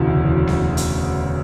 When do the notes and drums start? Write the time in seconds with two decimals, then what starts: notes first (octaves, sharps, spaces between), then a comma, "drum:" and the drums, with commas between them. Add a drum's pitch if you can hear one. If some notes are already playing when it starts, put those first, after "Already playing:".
Already playing: E1 D2 C#3 E3
0.47 drum: snare B3
0.77 drum: hi-hat